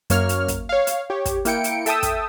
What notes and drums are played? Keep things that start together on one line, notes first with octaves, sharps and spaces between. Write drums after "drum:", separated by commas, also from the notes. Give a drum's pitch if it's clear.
F#2 A#3 C#5 F6, drum: hi-hat
drum: hi-hat
drum: kick, hi-hat
C#5 F5
drum: hi-hat
G4 C#5
drum: kick, hi-hat
A#3 E4 G5 C#7 D7, drum: hi-hat
drum: hi-hat
A4 E5 G5 A5 D#6 E6, drum: hi-hat
drum: kick, hi-hat